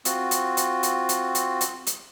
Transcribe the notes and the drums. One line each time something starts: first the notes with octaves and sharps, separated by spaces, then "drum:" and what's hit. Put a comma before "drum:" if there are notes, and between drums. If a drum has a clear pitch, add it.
C4 F4 F#4, drum: hi-hat
drum: hi-hat
drum: hi-hat
drum: hi-hat
drum: hi-hat
drum: hi-hat
drum: hi-hat
drum: hi-hat